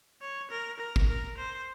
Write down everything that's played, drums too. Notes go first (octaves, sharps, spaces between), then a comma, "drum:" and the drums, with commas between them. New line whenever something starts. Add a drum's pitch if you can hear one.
C#5
A#4
A#4
drum: kick
A#4
C5